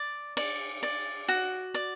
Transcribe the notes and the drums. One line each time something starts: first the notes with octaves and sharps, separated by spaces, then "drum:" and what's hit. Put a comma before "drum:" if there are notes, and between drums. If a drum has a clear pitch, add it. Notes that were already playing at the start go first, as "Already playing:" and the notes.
Already playing: D5
D5, drum: cymbal
D5
F#4
D5